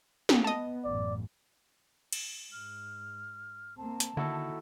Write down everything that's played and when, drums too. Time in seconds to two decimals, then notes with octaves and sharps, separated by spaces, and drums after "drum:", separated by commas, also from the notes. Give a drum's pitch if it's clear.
0.29 drum: snare
0.44 B3 D#5 A5
0.85 A1 F#2 D5
2.12 drum: cymbal
2.52 G#2 F6
3.77 A#3 C4 A5
4.00 drum: hi-hat
4.17 D3 D#3 A#3 E4 F#4 A4